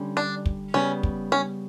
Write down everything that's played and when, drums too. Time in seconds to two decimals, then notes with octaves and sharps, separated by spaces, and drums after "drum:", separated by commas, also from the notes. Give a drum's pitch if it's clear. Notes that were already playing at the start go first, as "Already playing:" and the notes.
Already playing: D3 G3 C#4
0.17 D4
0.46 drum: kick
0.74 C#3 G3 B3 C#4
1.03 drum: kick
1.32 C#4